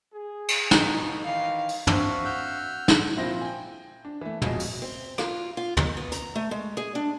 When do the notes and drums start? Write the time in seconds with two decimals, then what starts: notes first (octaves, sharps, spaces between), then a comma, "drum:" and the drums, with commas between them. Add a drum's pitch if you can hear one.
0.13 G#4
0.48 drum: cymbal
0.71 F2 B2 D#4, drum: snare
1.24 D#3 E3 F5
1.69 drum: open hi-hat
1.87 C4 D4 F#4 E5 F5 C#6, drum: tom
2.25 F#5 E6 F6 G6
2.88 drum: snare
3.16 A#2 F3 C4 E4 C5 A#6
3.41 G5 G#5
4.05 D4
4.21 E3 A3
4.42 F1 C#2 B2 G#4 D#5, drum: tom
4.59 drum: open hi-hat
4.82 C4
5.18 F4, drum: rim click
5.57 F4
5.77 G#3, drum: tom
5.97 B3
6.12 A#5, drum: hi-hat
6.36 A3
6.51 G#3
6.77 G#4
6.95 D4